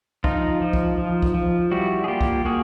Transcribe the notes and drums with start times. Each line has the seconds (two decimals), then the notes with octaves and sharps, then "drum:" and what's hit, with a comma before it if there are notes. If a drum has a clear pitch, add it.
0.24 F3 D#4 F4, drum: kick
0.62 F3
0.73 drum: kick
0.98 F3
1.22 drum: kick
1.34 F3
1.71 G3 E4 F#4
2.04 G#4
2.08 A#3 F4 G4
2.21 drum: kick
2.45 A#3 F#4 G#4